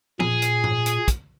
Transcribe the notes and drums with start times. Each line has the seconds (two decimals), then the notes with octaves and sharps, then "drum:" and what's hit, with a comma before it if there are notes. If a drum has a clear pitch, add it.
0.20 A#2 G#4, drum: tom F3
0.42 drum: hi-hat
0.64 drum: tom G#2
0.86 drum: hi-hat
1.08 drum: kick, hi-hat